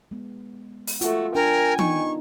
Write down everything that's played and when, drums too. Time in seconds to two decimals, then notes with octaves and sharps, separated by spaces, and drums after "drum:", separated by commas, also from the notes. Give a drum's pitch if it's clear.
0.11 G#3 B3
0.87 drum: open hi-hat
1.01 A3 F4 F#4, drum: hi-hat
1.35 D4 A#4 G5 G#5
1.79 B3 D#4 C#6, drum: tom E3